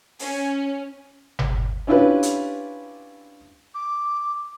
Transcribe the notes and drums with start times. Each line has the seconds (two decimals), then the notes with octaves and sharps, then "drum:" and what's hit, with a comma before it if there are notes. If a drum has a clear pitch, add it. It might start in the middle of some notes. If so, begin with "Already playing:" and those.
0.19 C#4, drum: open hi-hat
1.39 drum: tom G1
1.87 C#4 D4 E4 F4 G4 B4
2.23 drum: hi-hat
3.74 D6